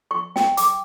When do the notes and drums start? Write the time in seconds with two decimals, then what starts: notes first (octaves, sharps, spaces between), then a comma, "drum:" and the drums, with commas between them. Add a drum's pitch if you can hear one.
0.11 C#6
0.36 G5, drum: snare
0.57 D6, drum: hi-hat